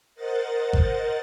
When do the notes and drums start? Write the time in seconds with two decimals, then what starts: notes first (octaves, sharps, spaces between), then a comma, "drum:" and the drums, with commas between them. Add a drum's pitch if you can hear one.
0.15 A#4 C5 D#5 F#5 A6
0.73 drum: kick G#1